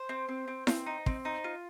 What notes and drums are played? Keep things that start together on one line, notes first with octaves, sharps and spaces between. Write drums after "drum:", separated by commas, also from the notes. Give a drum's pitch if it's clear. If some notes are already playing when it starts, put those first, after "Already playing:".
Already playing: C5
C4
C4
C4
C4, drum: snare E4
D#4
C4, drum: kick
D#4
F4